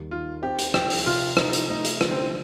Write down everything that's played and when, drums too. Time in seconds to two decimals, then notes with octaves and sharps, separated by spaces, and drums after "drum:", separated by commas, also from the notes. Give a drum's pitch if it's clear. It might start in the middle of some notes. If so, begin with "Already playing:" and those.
Already playing: D#2 G3
0.11 D#3 F4
0.42 C4 G4
0.59 drum: hi-hat
0.74 F3 G4, drum: rim click
0.90 drum: open hi-hat
1.06 C3 F4
1.37 F3 D#4, drum: rim click
1.53 drum: hi-hat
1.69 A3 D#4
1.85 drum: hi-hat
2.01 D3, drum: rim click
2.11 C4